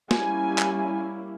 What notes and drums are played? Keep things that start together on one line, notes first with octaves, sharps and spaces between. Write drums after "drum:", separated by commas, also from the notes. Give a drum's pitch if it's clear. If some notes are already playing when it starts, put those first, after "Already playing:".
G3 A#3 C#4 E4 G#5, drum: snare
drum: clap